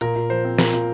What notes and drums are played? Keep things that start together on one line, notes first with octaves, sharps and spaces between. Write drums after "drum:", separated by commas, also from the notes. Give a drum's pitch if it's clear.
A#2 A#4, drum: hi-hat
A#2
F3 C5
C4
A#2 A#4, drum: snare
A#2